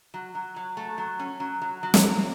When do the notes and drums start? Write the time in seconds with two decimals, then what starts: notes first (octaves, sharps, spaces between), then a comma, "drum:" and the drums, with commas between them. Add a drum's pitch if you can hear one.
0.14 F#3
0.35 F#3
0.56 F#3
0.77 A3
0.98 F#3
1.19 C#4
1.40 F#3
1.61 F#3
1.83 F#3
1.94 drum: snare
2.03 F#3